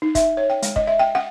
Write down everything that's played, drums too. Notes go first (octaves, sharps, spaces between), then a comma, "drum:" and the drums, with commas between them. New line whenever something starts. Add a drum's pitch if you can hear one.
D#4
E5, drum: kick, hi-hat
C#5
G5
G#3, drum: hi-hat
D#5, drum: kick
E5
G5
F#5